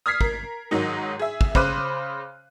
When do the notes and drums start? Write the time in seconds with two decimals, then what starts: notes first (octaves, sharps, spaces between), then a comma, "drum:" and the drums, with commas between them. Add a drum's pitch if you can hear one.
0.06 D#6 F6 G#6 B6 C7
0.21 A#4, drum: kick
0.71 G#2 D#3 F#3 D#4
1.19 G#4 E5
1.41 drum: kick
1.55 C#3 C5 B5 D6 F#6 D#7, drum: kick